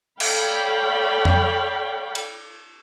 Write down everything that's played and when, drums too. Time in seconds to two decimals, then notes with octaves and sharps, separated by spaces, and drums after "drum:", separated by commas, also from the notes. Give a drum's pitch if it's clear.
0.20 A4 C#5 D5 F5 G5 B5, drum: cymbal
1.25 drum: tom F2
2.15 drum: cymbal